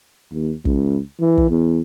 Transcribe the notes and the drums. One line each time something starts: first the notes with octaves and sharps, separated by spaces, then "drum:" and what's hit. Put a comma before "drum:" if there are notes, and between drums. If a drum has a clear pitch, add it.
D#2
C#2, drum: kick
E3
drum: kick
E2